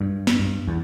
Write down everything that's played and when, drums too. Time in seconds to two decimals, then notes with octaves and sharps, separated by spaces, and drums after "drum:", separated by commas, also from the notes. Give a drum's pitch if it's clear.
0.01 G2
0.27 drum: snare
0.39 G2
0.67 E2